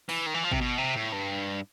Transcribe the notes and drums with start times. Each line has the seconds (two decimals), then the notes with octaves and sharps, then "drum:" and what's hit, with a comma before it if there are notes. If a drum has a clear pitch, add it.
0.09 E3, drum: open hi-hat
0.26 D#3
0.34 E3
0.44 F3
0.51 C3, drum: kick
0.61 B2
0.78 C3
0.96 A2
1.13 G2